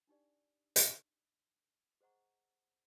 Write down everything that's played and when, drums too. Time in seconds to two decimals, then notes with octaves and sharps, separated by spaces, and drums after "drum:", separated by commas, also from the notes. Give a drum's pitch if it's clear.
0.07 D4 D#4 G4 D5
0.76 drum: hi-hat
2.01 G#4 C5 D#5 F#5 A#5 C#6